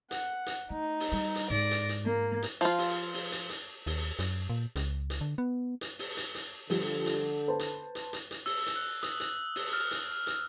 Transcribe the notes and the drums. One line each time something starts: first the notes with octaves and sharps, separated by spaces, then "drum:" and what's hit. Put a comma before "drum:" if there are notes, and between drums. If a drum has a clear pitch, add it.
F#5, drum: hi-hat
drum: hi-hat
A3 D#4
drum: open hi-hat
G3
drum: hi-hat
G#2 D5 A#6
drum: hi-hat
drum: hi-hat
A#3
drum: hi-hat
F3 F4, drum: hi-hat
drum: open hi-hat
drum: open hi-hat
drum: hi-hat
drum: hi-hat
D#2, drum: open hi-hat
F#2, drum: hi-hat
A#2
C#2, drum: hi-hat
drum: hi-hat
D3
B3
drum: hi-hat
drum: open hi-hat
drum: hi-hat
drum: hi-hat
D3 F3 G3 A4, drum: open hi-hat
drum: hi-hat
B4 C5 A5
drum: hi-hat
drum: hi-hat
drum: hi-hat
drum: hi-hat
E6, drum: open hi-hat
drum: hi-hat
F#6
D#6, drum: hi-hat
drum: hi-hat
drum: open hi-hat
F6
drum: hi-hat
drum: hi-hat